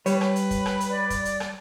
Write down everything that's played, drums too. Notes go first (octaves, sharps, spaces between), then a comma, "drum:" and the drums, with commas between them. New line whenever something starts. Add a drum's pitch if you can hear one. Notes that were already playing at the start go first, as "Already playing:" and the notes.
G3 B4 C#5, drum: hi-hat
drum: rim click
drum: hi-hat
drum: kick, hi-hat
drum: rim click
drum: hi-hat
D5
drum: kick, hi-hat
drum: hi-hat
drum: rim click